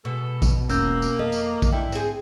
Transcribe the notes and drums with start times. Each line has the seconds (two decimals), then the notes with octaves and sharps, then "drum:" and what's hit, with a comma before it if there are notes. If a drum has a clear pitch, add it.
0.05 B2 G#3 A4
0.42 drum: kick A#1, tambourine
0.69 E1 B1 A#3 C#4 E6 G6, drum: tambourine
1.02 drum: tambourine
1.19 F2 A4 D#5
1.32 drum: tambourine
1.62 drum: kick A#1, tambourine
1.73 G#2 D3 E4 G5
1.92 C4 G#4, drum: tambourine